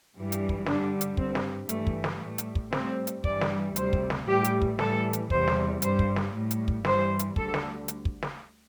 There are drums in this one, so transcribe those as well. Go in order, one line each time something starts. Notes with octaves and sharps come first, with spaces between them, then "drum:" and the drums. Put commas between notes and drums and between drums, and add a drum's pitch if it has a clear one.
G2 E3 G3
drum: hi-hat
drum: kick
G2 D3 G3 D4, drum: snare
drum: hi-hat
G2 G3 C4, drum: kick
drum: snare
G2 E3 G3 A3, drum: hi-hat
drum: kick
drum: snare
A2 G3 A3
drum: hi-hat
drum: kick
A2 G3 C4, drum: snare
drum: hi-hat
G2 E3 G3 D5, drum: kick
drum: snare
D2 C3 G3 C5, drum: hi-hat
drum: kick
drum: snare
A2 E3 G3 G4
drum: hi-hat
drum: kick
A2 E3 G3 A4, drum: snare
drum: hi-hat
E2 C3 E3 G3 C5, drum: kick
drum: snare
G2 G3 C5, drum: hi-hat
drum: kick
drum: snare
A2 G3
drum: hi-hat
drum: kick
G2 E3 G3 C5, drum: snare
drum: hi-hat
D2 D3 G3 A4, drum: kick
drum: snare
drum: hi-hat
drum: kick
drum: snare